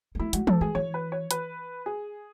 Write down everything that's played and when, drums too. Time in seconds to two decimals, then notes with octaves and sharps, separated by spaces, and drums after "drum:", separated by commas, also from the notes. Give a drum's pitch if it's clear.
0.15 G#3
0.19 A3 E4
0.33 G#3 F#4, drum: hi-hat
0.47 A3 A4, drum: tom E3
0.61 G#3 G#4
0.75 E3 C#5
0.94 B4
1.12 C#5
1.31 B4, drum: hi-hat
1.86 G#4